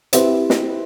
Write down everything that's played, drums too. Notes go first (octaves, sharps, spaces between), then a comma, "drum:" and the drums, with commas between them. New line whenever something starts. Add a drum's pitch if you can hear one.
C4 E4 G4 B4, drum: hi-hat
drum: snare